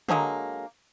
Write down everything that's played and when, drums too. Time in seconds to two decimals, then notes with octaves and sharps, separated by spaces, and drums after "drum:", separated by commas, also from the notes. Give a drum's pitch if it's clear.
0.09 D3 F#3 G#3 A#3, drum: tom D3